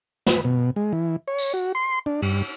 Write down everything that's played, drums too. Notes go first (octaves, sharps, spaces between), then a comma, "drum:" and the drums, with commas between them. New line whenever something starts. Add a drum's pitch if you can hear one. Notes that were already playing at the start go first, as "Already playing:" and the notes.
B4, drum: snare
B2
G#3
E3
C#5
drum: tambourine
F#4
C6
D4
G2, drum: cymbal